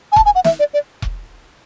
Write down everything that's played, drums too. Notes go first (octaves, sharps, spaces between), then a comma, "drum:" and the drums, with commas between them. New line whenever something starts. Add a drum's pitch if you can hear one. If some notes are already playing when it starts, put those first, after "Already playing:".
G#5
A5, drum: kick E1
G#5
F#5
E5, drum: snare
D5
D5
drum: kick E1